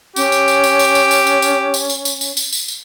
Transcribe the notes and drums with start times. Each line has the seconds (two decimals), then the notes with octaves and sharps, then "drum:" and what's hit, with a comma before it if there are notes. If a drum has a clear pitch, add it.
0.16 C#4 G4, drum: tambourine
0.32 drum: tambourine
0.48 drum: tambourine
0.64 drum: tambourine
0.79 drum: tambourine
0.95 drum: tambourine
1.11 drum: tambourine
1.27 drum: tambourine
1.42 drum: tambourine
1.74 drum: tambourine
1.90 drum: tambourine
2.05 drum: tambourine
2.21 drum: tambourine
2.37 drum: tambourine
2.53 drum: tambourine
2.68 drum: tambourine